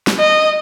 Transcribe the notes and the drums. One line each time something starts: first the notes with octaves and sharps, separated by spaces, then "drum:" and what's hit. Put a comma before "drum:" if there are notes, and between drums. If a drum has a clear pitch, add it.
drum: snare
D#5